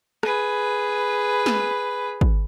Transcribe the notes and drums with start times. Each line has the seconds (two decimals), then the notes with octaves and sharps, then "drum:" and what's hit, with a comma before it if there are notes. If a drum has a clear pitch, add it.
0.23 G#4 B4, drum: rim click
1.46 drum: snare
2.21 drum: kick